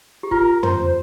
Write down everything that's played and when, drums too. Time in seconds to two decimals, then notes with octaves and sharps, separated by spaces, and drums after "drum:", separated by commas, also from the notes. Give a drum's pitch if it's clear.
0.23 G4
0.31 F4 A#4, drum: kick F#1
0.63 C5, drum: tom